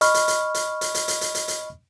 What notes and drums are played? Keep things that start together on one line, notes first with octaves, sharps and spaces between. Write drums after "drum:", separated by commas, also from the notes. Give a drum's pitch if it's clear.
D#5 B5 C#6 F6, drum: hi-hat
drum: hi-hat
drum: hi-hat
drum: hi-hat
drum: hi-hat
drum: hi-hat
drum: hi-hat
drum: hi-hat
drum: hi-hat
drum: hi-hat